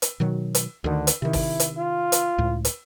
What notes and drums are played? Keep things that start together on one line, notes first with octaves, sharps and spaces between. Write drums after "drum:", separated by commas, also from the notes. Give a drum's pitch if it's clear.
drum: hi-hat
B2 D#3 F#3
drum: hi-hat
D2 D3 D#3
drum: hi-hat
C3 D#3 E4
drum: kick, open hi-hat
drum: hi-hat
F4
drum: hi-hat
C#2 A2
drum: hi-hat